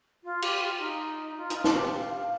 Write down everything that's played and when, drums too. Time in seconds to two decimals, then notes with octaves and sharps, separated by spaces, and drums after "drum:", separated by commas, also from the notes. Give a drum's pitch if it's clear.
0.24 F4
0.42 G4, drum: cymbal
0.61 F4
0.80 D#4
1.36 F4
1.50 D#4, drum: hi-hat
1.55 F4
1.64 drum: snare
1.75 G4
1.94 F5
2.13 F5